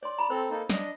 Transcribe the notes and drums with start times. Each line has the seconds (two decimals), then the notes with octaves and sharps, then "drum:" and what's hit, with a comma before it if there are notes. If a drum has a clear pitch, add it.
0.03 C#5 D5 C6
0.18 A#5 B5
0.30 C4 A4 C5
0.50 A#3 D#4 A4
0.70 D4 D#5, drum: snare